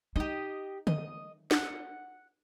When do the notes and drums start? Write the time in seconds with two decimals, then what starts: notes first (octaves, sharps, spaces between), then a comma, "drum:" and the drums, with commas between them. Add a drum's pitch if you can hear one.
0.16 D#4 G4 D#5
0.87 D#5, drum: tom
1.51 F#5, drum: snare